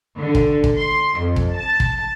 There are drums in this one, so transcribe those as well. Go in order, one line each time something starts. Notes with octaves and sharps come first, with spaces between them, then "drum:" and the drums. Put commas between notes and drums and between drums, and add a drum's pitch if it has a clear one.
D3
drum: kick
drum: kick
C6
F2
drum: kick
A5
drum: kick